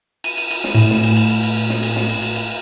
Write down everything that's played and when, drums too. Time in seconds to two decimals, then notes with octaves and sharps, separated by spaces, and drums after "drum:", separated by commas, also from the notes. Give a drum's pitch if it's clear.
0.24 D#7, drum: cymbal
0.37 drum: cymbal
0.51 drum: cymbal
0.64 drum: snare
0.74 A2, drum: cymbal
0.90 drum: snare
1.03 drum: cymbal
1.17 drum: cymbal
1.30 drum: cymbal
1.43 drum: cymbal
1.56 drum: cymbal
1.70 drum: snare
1.83 drum: cymbal
1.96 drum: snare
2.09 drum: cymbal
2.22 drum: cymbal
2.36 drum: cymbal